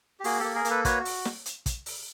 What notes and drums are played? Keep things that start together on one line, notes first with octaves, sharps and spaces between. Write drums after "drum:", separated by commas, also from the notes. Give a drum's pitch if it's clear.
G4
A#3 F#4 G#4, drum: open hi-hat
A#3 G4 A4
G#4 A#4
A#3, drum: hi-hat
A4 B4
F#4 B4 C#5, drum: kick, hi-hat
drum: open hi-hat
drum: snare
drum: hi-hat
drum: kick, hi-hat
drum: open hi-hat